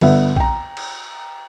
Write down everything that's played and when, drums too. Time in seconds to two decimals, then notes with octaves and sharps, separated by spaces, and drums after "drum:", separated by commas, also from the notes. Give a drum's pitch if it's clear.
0.01 G1 B3 B4 E5 F#5, drum: cymbal
0.36 G5 A#5, drum: kick
0.77 drum: cymbal